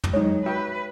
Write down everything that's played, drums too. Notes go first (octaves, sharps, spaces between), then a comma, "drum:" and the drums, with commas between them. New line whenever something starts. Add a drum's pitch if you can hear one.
drum: tom
F#3 G#3 D#4 C#5
F#4 B4 E5 G5